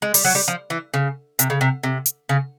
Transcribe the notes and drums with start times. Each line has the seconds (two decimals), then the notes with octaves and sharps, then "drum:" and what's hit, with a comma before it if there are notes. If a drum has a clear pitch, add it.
0.02 G#3
0.14 G3, drum: open hi-hat
0.25 F#3
0.35 G3
0.48 F3
0.70 E3
0.94 C#3
1.39 C3, drum: hi-hat
1.50 C#3
1.61 C3
1.83 C3
2.06 drum: hi-hat
2.29 C#3